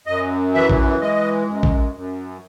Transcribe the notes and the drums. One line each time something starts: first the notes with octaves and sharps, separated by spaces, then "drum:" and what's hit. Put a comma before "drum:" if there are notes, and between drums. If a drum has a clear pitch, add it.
F#2 D#5
E3 E5
drum: kick
G#3 D#5
F#2
drum: kick
F#2